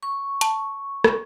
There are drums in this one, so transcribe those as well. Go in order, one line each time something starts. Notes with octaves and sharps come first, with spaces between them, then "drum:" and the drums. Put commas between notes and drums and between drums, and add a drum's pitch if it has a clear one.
C#6
A5, drum: hi-hat
drum: rim click